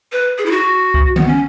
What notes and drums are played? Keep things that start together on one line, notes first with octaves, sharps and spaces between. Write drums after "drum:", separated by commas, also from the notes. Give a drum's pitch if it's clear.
B4
G#4
E4
F#4
drum: kick C2
B3, drum: tom D3
C#4